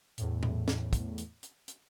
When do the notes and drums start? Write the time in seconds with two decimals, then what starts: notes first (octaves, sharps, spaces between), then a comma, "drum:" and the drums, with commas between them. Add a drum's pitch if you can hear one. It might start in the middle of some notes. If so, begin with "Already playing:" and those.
0.18 E2 A2, drum: hi-hat
0.43 drum: tom A#2
0.68 drum: snare
0.93 drum: kick, hi-hat
1.18 drum: hi-hat
1.43 drum: hi-hat
1.68 drum: hi-hat